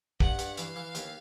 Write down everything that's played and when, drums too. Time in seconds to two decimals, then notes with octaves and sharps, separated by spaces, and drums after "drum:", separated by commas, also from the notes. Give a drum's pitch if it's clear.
0.20 G2 F#5, drum: kick
0.39 G2, drum: hi-hat
0.57 E3 F5, drum: hi-hat
0.76 E3
0.95 D#2, drum: hi-hat